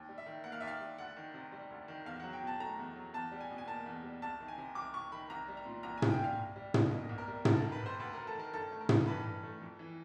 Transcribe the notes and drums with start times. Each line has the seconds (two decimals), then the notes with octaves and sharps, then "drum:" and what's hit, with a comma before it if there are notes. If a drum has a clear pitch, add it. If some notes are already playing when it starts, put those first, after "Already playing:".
Already playing: D#2
0.09 G3
0.18 E5
0.26 D#3
0.44 A#3 F#5
0.52 F5
0.60 D#2 E5
0.67 F5
0.80 G3
0.98 D2 F#5
1.17 D#3
1.34 C3
1.52 G3
1.71 D2
1.88 D#3
2.06 E2 F5
2.20 F#5
2.24 F#3
2.33 G5
2.42 B2
2.47 A5
2.60 A3 A#5
2.79 E2
2.96 F#3
3.14 E2 A5
3.32 G3
3.40 G#5
3.50 B2
3.58 G#5
3.67 A#3 A5
3.86 E2
4.03 G3
4.22 C2 A5
4.40 D#3
4.48 G#5
4.58 C3
4.75 C2 D6
4.94 C2 C#6
5.12 D#3 B5
5.30 C2 A#5
5.48 G3
5.57 A#5
5.65 A#2
5.83 C2 A#5
5.98 G#5
6.02 C2, drum: tom
6.11 G5
6.20 G3 F5
6.38 C2
6.56 G3
6.74 B2, drum: tom
6.91 A#3 D#5
7.09 C2
7.18 A#4
7.28 G3
7.45 D2 A#4, drum: tom
7.54 A4
7.59 A#4
7.64 D#3
7.72 B4
7.82 C3 C5
8.00 D2 B4
8.13 A#4
8.18 D2
8.27 A4
8.36 D#3 A#4
8.54 G2 A4
8.71 A3
8.81 A#4
8.89 E3, drum: tom
9.07 G2 B4
9.25 G2
9.43 A3
9.62 F2
9.79 E3